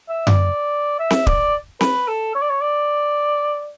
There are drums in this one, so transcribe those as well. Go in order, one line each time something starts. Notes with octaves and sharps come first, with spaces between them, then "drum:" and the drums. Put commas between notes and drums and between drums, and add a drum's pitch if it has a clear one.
E5
D5, drum: tom F#2
E5
drum: snare C4
D5, drum: kick
B4, drum: snare C4
A4
C#5
D5
C#5
D5